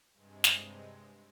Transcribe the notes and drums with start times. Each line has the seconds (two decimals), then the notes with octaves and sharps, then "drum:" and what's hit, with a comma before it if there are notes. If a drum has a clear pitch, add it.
0.13 G2 C3 G#3
0.44 drum: snare